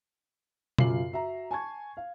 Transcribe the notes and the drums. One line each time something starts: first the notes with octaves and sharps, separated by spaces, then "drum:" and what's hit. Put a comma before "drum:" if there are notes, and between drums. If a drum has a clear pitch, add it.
F#2 C#3 F4 D6 C7 F#7, drum: tom B2
F#4 E5 A#5
G#5 A5 C#6 G#6
F5